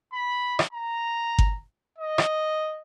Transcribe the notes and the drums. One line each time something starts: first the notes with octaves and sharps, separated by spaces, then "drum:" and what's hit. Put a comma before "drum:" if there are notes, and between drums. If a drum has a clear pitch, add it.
B5
drum: rim click
A#5
drum: kick G1
D#5
drum: rim click